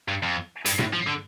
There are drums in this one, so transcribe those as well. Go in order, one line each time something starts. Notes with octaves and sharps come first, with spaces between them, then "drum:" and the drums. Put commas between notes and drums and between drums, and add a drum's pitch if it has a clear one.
G2
F2
G2, drum: hi-hat
A2, drum: tom
F3
D3